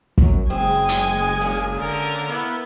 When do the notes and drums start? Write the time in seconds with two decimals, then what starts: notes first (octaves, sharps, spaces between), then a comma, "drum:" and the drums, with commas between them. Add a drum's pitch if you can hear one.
0.18 F#2 F#3, drum: kick
0.50 F#1 G#3 C4 G#4 G#5
0.89 drum: hi-hat
1.41 A#3 C#4 D4
1.77 D3 A#4
2.30 A#3 B3 E4